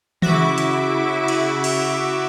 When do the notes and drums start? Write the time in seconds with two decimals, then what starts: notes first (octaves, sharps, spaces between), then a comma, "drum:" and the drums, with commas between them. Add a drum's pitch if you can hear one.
0.22 C#3 E4 F#4 E5 D6, drum: tom D#3
0.58 drum: hi-hat
1.28 drum: cymbal
1.64 drum: cymbal